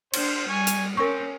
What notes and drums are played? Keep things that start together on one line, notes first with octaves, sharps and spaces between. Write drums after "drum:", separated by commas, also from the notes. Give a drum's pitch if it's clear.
D4 C5, drum: cymbal
G3 C#4 G#5 C#6
drum: hi-hat
C4 C#4 A#4 C#6